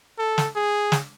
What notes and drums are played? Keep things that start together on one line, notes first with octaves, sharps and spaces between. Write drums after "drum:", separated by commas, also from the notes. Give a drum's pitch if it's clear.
A4
drum: snare
G#4
drum: snare